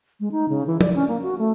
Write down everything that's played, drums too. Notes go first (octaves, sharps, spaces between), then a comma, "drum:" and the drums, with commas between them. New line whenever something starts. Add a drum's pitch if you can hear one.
G#3
D#4
C#3
E3
D5, drum: tom F3
C#4
A#3
F#4
A3